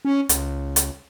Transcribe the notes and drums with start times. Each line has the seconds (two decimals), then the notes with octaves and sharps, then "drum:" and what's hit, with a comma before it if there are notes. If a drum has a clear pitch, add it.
0.05 C#4
0.29 C#2, drum: hi-hat
0.76 drum: hi-hat